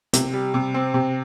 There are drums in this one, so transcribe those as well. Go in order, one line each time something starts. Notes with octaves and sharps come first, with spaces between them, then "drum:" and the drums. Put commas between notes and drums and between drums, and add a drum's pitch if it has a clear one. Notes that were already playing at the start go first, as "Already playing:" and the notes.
C3, drum: hi-hat
G3
C3
C4
C3